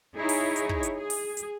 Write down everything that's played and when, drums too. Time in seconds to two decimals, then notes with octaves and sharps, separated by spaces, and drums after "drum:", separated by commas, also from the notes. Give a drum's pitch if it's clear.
0.15 D#4 E4 G#4 C#5
0.29 drum: open hi-hat
0.56 drum: hi-hat
0.69 drum: kick
0.83 drum: hi-hat
0.96 G#4
1.10 drum: open hi-hat
1.37 drum: hi-hat